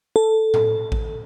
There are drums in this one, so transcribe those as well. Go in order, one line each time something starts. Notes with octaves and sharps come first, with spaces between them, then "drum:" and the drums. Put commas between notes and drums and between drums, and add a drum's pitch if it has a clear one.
A4
drum: tom A2
drum: kick A1